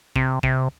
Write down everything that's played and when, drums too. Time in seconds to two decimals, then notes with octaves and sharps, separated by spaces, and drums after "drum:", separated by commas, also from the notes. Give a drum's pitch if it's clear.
0.16 C3, drum: kick
0.43 C3, drum: kick